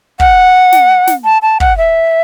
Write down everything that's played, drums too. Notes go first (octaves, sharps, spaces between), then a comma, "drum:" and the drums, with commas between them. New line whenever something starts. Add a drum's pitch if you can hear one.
F#5, drum: kick
drum: snare
drum: snare
A5
A5
F#5, drum: kick
E5